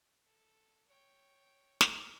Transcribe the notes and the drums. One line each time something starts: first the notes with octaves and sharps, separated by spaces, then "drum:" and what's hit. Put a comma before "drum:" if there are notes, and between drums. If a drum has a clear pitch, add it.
A4
C#5 G5
drum: snare